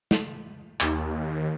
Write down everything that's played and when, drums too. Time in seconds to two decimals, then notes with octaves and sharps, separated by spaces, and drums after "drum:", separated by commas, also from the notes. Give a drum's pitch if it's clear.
0.11 drum: snare
0.80 D#2, drum: clap